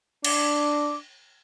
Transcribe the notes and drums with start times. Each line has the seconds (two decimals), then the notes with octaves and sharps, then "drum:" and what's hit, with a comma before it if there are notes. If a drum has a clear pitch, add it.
0.24 D4 D6, drum: cymbal